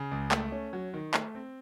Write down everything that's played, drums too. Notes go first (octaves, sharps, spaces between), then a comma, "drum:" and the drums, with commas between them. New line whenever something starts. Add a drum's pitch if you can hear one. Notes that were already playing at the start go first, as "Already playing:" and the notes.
Already playing: C#3
C#2
A3, drum: clap
C#4
F#3
D#3
A3, drum: clap
C4